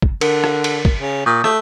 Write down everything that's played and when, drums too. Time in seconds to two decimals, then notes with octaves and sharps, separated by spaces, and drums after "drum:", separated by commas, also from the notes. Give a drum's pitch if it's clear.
0.02 drum: kick
0.21 D3 A#4, drum: cymbal
0.44 drum: rim click
0.64 drum: cymbal
0.85 drum: kick
1.01 C#3
1.26 A#2 C#6 D#6 G6
1.44 A3, drum: rim click